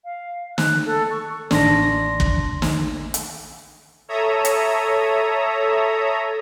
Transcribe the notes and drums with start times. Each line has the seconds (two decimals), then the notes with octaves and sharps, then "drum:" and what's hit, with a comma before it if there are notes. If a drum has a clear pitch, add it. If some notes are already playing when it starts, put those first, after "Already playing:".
0.05 F5
0.58 F#6, drum: snare
0.86 A4
1.11 C#6
1.51 A1 D4 C6 A#6, drum: snare
2.20 drum: kick
2.62 drum: snare
3.14 drum: hi-hat
4.08 A4 C#5 E5 A#5 D#6
4.45 drum: hi-hat